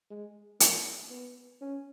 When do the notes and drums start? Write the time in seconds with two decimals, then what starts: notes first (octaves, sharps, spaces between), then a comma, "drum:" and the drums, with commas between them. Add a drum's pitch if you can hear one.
0.10 G#3
0.60 A#3, drum: hi-hat
1.10 B3
1.61 C#4